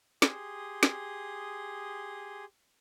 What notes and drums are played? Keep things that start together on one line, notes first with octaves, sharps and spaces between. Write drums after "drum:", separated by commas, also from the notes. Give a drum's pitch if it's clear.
G4 G#4 C6 D#6, drum: snare
drum: snare